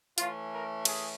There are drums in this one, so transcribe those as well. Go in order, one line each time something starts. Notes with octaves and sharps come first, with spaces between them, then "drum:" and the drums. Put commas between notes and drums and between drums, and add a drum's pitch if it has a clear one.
E3 A3 C#4 F4, drum: hi-hat
A#4
G#4, drum: cymbal